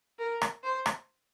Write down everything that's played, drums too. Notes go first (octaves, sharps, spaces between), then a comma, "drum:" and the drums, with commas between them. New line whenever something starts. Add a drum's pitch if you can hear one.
A#4
drum: rim click
C5
drum: rim click